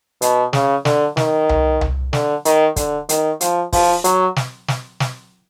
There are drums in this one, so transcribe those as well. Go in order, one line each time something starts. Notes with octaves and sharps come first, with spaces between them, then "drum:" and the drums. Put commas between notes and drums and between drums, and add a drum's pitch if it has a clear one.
B2, drum: hi-hat
C#3, drum: snare
D3, drum: snare
D#3, drum: snare
drum: tom C2
drum: tom C2
D3, drum: snare
D#3, drum: hi-hat
D3, drum: kick, hi-hat
D#3, drum: hi-hat
F3, drum: hi-hat
F3, drum: kick, open hi-hat
F#3, drum: hi-hat
drum: snare
drum: snare
drum: snare